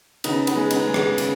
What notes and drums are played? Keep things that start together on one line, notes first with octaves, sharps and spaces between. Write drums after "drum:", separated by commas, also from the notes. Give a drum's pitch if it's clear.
C#3 B3 D#4, drum: cymbal
B3 D#4, drum: cymbal
G#3
B3 D#4, drum: cymbal
G#3
B3, drum: rim click
C#3, drum: cymbal